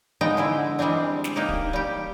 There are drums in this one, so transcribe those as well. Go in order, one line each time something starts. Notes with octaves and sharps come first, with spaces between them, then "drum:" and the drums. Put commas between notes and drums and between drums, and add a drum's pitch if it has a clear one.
F3 G#3 B3 D#4 G5
D3 G#3 E4
E3 G3 G#3 C4 D4
drum: snare
A#3 D#4 G4
drum: kick
G3 G4